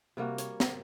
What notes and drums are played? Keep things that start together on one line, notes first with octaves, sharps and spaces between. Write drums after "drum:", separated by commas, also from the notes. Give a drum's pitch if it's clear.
C3 G3 A#3 F#4
C#5, drum: hi-hat
drum: snare